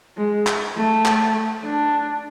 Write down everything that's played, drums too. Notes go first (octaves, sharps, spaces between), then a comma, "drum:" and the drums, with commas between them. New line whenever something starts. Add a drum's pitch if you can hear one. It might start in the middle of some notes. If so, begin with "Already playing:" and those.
G#3
drum: clap
A3
drum: clap
D4